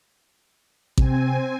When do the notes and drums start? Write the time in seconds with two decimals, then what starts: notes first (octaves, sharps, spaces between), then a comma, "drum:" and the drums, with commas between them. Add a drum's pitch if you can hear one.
0.98 C3 C4 G#5, drum: kick A1